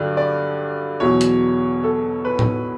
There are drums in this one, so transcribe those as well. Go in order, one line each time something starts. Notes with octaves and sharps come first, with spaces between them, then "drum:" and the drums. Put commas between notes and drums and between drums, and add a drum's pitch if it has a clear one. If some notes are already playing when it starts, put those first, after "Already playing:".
Already playing: G2 D3 F#3 D5
D5
E2 B2 F#3 C#5
drum: hi-hat
A4
B4
drum: tom A2